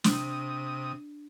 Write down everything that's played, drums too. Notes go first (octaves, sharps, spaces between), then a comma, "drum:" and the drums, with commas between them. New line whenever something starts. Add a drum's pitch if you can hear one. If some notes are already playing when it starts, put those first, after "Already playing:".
C3 D4 D#6, drum: snare